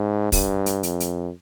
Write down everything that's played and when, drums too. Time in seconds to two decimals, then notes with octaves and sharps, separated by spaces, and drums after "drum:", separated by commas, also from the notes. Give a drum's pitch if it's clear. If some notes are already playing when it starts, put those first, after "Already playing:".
Already playing: G#2
0.32 G2, drum: kick, open hi-hat
0.66 drum: hi-hat
0.83 F2, drum: hi-hat
1.00 drum: hi-hat